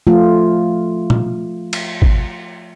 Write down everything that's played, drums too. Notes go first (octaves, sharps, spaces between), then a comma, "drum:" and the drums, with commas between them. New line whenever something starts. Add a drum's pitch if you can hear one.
F3 A3 F4
drum: tom
drum: cymbal
drum: kick